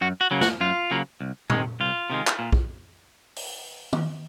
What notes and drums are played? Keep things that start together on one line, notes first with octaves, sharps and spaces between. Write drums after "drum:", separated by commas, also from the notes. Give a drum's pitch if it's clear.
F#2 F#4
F#4
C#3 F#3 A#3
F#4, drum: snare
F#2 F4
C#3 F#3 A#3
C2
C3 D#3 G#3, drum: tom A#2
C2 F4
C3 D#3 G#3
drum: clap
A#2
drum: kick
drum: open hi-hat
drum: tom